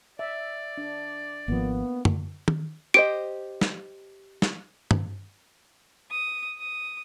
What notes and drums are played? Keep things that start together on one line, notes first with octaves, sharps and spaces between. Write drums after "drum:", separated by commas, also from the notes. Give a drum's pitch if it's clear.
D5 E5
D4
G#1 F3 A#3 B3
drum: tom
drum: tom D#3
G4 C5 D#5 D7
drum: snare
drum: snare
drum: tom
D#6
D#6